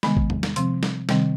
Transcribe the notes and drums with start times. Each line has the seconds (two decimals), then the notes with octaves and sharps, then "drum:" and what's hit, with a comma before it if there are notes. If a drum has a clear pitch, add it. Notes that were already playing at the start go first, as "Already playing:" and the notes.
0.03 C3 D#3 G#3 B3 B5, drum: snare G3
0.17 drum: kick
0.30 drum: tom
0.43 drum: snare G3
0.56 C3 F3 C4 C6, drum: hi-hat
0.83 drum: snare G3
1.09 C3 D#3 G3 C4, drum: snare G3